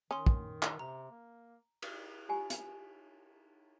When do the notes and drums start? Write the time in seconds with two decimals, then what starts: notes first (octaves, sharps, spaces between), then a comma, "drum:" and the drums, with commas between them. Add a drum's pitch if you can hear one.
0.11 D#3 C#4 C6 D#6
0.26 drum: kick
0.62 drum: clap
0.79 C3 A#5
1.11 A#3
1.82 drum: cymbal
2.29 F4 G4 G#5
2.50 drum: hi-hat